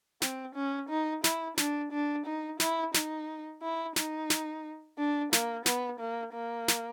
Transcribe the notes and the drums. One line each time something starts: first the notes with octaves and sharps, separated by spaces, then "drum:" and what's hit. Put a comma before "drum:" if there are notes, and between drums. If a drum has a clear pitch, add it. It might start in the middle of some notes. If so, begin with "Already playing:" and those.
C4, drum: snare
C#4
D#4
E4, drum: snare
D4, drum: snare
D4
D#4
E4, drum: snare
D#4, drum: snare
E4
D#4, drum: snare
drum: snare
D4
A#3, drum: snare
B3, drum: snare
A#3
A#3
drum: snare